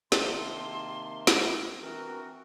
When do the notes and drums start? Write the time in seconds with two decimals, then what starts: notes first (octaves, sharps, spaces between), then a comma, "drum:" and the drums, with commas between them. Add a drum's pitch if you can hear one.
0.12 C3 D#3 A#3 A5 C6, drum: snare
1.27 drum: snare
1.83 E3 C4 D4 F#4 A#4